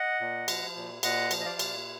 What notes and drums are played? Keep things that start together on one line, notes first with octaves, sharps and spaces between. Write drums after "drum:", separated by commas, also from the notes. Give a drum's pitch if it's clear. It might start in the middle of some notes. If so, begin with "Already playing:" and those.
Already playing: D#5 F#5
A#2
F3, drum: cymbal
A#2
A#2 D#5 F#5, drum: cymbal
F3, drum: cymbal
D#5
D5 F5
A#2, drum: cymbal